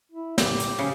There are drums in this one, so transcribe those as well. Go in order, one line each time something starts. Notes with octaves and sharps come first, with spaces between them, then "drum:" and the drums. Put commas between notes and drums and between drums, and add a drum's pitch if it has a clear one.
E4
G4, drum: snare
drum: hi-hat
C#3